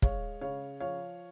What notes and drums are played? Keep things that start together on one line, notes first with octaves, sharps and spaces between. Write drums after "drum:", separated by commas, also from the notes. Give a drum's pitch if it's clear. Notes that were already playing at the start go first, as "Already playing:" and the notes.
G#3 C#5 F5, drum: kick
C#3 C#5 F5
F3 C#5 F5